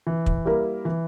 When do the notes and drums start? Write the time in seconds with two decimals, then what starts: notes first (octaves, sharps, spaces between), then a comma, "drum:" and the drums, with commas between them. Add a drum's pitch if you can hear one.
0.07 E3
0.26 drum: kick
0.45 G3 A#3 E4 A#4
0.85 E3